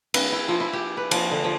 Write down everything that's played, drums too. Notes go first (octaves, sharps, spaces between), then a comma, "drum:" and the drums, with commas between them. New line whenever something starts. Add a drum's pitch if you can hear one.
B4, drum: cymbal
E4
F3
E4
G4
B4
F3, drum: cymbal
D3
F3